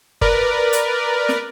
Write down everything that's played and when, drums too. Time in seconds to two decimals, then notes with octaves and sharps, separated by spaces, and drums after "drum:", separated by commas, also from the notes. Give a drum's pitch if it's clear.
0.21 A#4 B4 D5, drum: kick F#1
0.73 drum: hi-hat
1.29 drum: snare